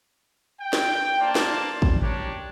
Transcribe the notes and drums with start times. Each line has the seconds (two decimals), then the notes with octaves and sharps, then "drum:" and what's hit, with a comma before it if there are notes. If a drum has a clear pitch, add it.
0.61 G5
0.73 drum: snare
1.20 A#3 C5 D5 A5
1.35 drum: snare
1.82 drum: kick
2.01 D4 G4 A#4 C#5